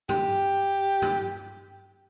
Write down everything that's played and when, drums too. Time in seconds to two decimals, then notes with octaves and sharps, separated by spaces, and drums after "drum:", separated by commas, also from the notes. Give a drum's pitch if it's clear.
0.09 G4, drum: tom
1.02 drum: tom